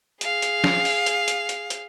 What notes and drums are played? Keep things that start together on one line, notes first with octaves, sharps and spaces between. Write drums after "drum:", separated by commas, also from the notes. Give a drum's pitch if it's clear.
G#4 F5, drum: hi-hat
drum: hi-hat
drum: snare
drum: open hi-hat
drum: hi-hat
drum: hi-hat
drum: hi-hat
drum: hi-hat